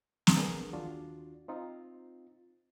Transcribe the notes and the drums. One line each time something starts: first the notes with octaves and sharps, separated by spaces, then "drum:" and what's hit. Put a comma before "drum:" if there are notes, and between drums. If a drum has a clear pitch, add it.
drum: snare
B3 D4 G#4 A#4
D#2 D4 F4 F#4
C4 D#4 F4